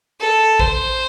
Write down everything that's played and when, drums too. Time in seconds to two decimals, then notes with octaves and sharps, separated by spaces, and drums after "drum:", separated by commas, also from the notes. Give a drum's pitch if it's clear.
0.20 A4
0.59 C5, drum: kick